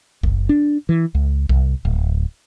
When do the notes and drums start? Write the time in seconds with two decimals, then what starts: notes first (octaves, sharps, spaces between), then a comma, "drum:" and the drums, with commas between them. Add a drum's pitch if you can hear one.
0.23 F#1, drum: kick B1
0.49 D4
0.89 E3
1.15 C#2
1.49 C2, drum: kick B1
1.85 D1